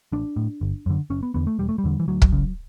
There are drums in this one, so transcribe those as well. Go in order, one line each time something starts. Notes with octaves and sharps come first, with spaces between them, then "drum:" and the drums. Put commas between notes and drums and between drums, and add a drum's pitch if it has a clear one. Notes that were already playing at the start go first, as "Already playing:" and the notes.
A1 D4
A2
G1
F#2 D3
F#1 C#4
B3
E2 D3 B3
A3
E1 G3
A3
G3
E2 D3
E3
D2 F#3
drum: kick
C#3